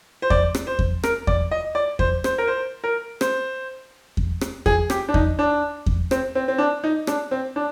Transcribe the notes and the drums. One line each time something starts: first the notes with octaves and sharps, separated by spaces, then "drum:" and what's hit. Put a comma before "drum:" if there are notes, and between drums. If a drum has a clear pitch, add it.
C5
D5, drum: kick E2
drum: rim click
C5
drum: kick E2
A#4, drum: rim click
D5, drum: kick E2
D#5
D5
C5, drum: kick E2
C5, drum: rim click
A#4
C5
A#4
C5, drum: rim click
drum: kick E2
drum: rim click
G#4, drum: kick E2
G4, drum: rim click
D4
D#4, drum: kick E2
D4
drum: kick E2
C4, drum: rim click
C4
C4
D4
D#4
D4, drum: rim click
C4
D4